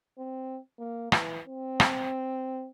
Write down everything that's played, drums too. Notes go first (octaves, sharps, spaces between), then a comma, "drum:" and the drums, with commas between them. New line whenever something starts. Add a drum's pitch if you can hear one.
C4
A#3
E3, drum: rim click
C4
drum: rim click